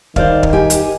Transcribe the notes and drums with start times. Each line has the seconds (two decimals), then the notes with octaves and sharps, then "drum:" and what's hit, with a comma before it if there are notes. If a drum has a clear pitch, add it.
0.16 D#3 C5 D5 F5, drum: kick
0.43 drum: kick
0.53 G4 G#5
0.70 drum: hi-hat